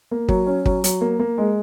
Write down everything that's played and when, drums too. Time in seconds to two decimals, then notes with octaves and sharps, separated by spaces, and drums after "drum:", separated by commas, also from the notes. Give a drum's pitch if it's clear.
0.11 A#3
0.29 F#3, drum: kick
0.47 C#4
0.66 F#3, drum: kick
0.84 F#3, drum: hi-hat
1.01 A#3
1.19 A#3
1.38 G#3